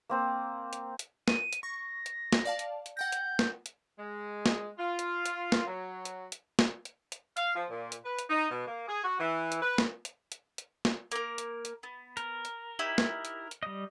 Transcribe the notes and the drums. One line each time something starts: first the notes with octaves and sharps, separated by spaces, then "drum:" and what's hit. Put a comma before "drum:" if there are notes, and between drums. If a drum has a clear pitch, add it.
A#3 C4 C5
drum: hi-hat
drum: hi-hat
D#7, drum: snare
drum: hi-hat
C#6 A#6
drum: hi-hat
drum: snare
D5 F5 A5
drum: hi-hat
drum: hi-hat
F#5 G5 G6 A#6
drum: hi-hat
drum: snare
drum: hi-hat
G#3
drum: snare
F4
drum: hi-hat
drum: hi-hat
drum: snare
F#3
drum: hi-hat
drum: hi-hat
drum: snare
drum: hi-hat
drum: hi-hat
F5, drum: hi-hat
F3
A#2
drum: hi-hat
B4
drum: hi-hat
D#4
B2
A#3
G#4
F#4
E3
drum: hi-hat
B4
drum: snare
drum: hi-hat
drum: hi-hat
drum: hi-hat
drum: snare
A#3 A#4, drum: hi-hat
drum: hi-hat
drum: hi-hat
B3
A#4, drum: hi-hat
drum: hi-hat
D#4 E4 G4
drum: snare
drum: hi-hat
drum: hi-hat
G3 D#5